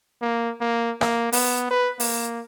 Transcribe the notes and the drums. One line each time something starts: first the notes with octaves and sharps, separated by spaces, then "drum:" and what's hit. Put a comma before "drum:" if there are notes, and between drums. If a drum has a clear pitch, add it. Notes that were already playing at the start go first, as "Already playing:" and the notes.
A#3
A#3
A#3, drum: rim click
B3, drum: open hi-hat
B4
A#3, drum: open hi-hat